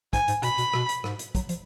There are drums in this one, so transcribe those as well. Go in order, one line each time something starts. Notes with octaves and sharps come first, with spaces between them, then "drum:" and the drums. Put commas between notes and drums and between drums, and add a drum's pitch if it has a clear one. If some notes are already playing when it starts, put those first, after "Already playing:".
G#2 G#5, drum: kick, hi-hat
G#2, drum: hi-hat
B2 B5, drum: hi-hat
B2, drum: hi-hat
B2, drum: rim click
drum: hi-hat
G#2, drum: rim click
drum: hi-hat
F#3, drum: kick, hi-hat
F3, drum: hi-hat